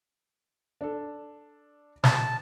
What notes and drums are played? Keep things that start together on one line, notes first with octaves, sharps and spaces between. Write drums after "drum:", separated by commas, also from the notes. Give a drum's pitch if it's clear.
D4 A4
A5, drum: snare